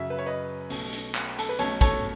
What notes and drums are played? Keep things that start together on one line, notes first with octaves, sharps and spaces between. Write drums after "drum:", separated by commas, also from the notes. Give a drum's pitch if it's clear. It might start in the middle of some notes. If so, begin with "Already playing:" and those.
Already playing: F#2 C#3 F#3 E5
B4
C#5
B4 D#5
B1 B2 A3 C#4, drum: open hi-hat
drum: hi-hat
drum: clap
A4, drum: hi-hat
B4
B1 B2 A3 C#4 A4 C#5, drum: hi-hat
A4 C#5, drum: kick, hi-hat